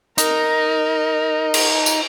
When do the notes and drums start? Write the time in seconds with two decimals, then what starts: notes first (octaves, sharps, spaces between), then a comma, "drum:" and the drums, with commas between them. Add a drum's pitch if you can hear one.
0.18 D#4 A#4, drum: hi-hat
1.54 drum: cymbal
1.86 drum: tambourine